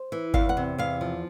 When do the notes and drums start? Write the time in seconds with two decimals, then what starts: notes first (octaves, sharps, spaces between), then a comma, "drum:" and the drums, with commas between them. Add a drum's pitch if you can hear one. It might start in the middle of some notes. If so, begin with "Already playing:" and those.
Already playing: C5
0.12 E3
0.34 E2 F5, drum: kick G1
0.49 F#5
0.57 C3
0.78 E2 F5
1.01 F3